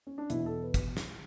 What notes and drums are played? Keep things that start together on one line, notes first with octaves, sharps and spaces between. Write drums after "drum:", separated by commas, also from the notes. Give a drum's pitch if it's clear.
C#4
D4
E2 B2 E4, drum: hi-hat
A4
B4
drum: kick, hi-hat
drum: snare